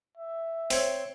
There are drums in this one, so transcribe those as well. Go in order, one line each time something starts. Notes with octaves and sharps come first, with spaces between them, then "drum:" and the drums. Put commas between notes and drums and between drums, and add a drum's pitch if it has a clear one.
E5
C4 C#5, drum: open hi-hat